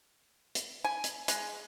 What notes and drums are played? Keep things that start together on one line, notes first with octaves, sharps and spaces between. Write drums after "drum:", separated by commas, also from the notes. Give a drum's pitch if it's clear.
drum: hi-hat
G#5
drum: hi-hat
G#3, drum: hi-hat